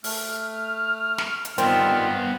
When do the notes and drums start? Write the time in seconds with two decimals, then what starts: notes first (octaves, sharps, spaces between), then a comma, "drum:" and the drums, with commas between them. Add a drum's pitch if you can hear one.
0.04 A3 F6, drum: open hi-hat
1.18 drum: snare
1.45 drum: hi-hat
1.58 G2 D#3 G3 B3 C4 F4, drum: hi-hat